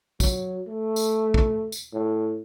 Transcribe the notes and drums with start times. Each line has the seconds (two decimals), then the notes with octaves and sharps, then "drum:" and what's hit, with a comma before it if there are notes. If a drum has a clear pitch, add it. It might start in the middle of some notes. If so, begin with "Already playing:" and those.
0.20 F#3, drum: kick, tambourine
0.68 A3
0.96 drum: tambourine
1.34 drum: kick
1.72 drum: tambourine
1.93 A2